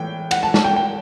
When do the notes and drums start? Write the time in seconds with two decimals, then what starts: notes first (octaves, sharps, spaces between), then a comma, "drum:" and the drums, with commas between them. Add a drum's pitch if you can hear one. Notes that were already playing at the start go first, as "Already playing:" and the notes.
Already playing: A2 E3 G5
0.31 F#5, drum: cymbal
0.43 A5
0.54 A5, drum: snare
0.64 G5
0.76 G5